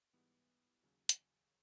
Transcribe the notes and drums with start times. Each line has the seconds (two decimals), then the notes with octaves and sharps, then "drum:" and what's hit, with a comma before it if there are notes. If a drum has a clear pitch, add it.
0.13 G#2 E3 G3 B3
0.82 D#2 C#3 F#3
1.09 drum: hi-hat